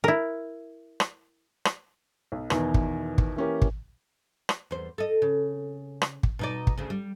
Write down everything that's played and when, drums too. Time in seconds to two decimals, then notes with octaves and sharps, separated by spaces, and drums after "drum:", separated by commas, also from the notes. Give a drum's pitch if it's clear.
0.04 E4 A#4
1.00 drum: rim click
1.65 drum: rim click
2.32 B1
2.50 E2 B2 D#3 E3 D#4, drum: rim click
2.74 drum: kick
3.18 drum: kick
3.36 E3 A#3 C#4 G4 A#4
3.62 drum: kick
4.49 drum: rim click
4.71 E2 C5
4.98 A4 D#5
5.22 C#3
6.02 drum: rim click
6.23 drum: kick
6.39 B2 D#4 D5
6.67 drum: kick
6.78 D2 C#3
6.90 G3